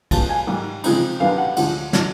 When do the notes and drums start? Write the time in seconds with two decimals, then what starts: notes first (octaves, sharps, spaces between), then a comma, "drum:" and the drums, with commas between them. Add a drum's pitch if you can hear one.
0.11 B2 G#3 C#4 F4 A5, drum: kick, cymbal
0.29 G#5
0.47 G#2 D#3 G3
0.84 C#3 F3 G#3 C4 D#4, drum: cymbal
1.20 F#2 D#3 G3 B3 D4 F5
1.38 F#5
1.56 D2 D3 F3 G#3 C#4 F#5, drum: cymbal
1.93 D3 F#3, drum: snare